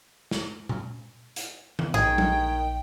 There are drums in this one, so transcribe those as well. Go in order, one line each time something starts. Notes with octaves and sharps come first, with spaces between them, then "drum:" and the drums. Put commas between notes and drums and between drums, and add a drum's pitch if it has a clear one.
drum: snare
drum: tom A#2
drum: hi-hat
drum: tom
A#1 D#3 G#4 G5, drum: tom A2
drum: tom F#3